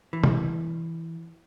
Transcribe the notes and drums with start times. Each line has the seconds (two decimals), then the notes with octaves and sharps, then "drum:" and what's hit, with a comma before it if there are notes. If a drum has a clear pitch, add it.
0.13 E3
0.24 drum: tom B2